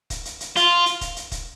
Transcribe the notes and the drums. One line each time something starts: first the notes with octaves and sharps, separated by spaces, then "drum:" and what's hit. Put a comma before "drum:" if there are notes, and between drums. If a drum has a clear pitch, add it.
drum: kick, hi-hat
drum: hi-hat
drum: hi-hat
F4, drum: hi-hat
drum: hi-hat
drum: kick, hi-hat
drum: hi-hat
drum: kick, hi-hat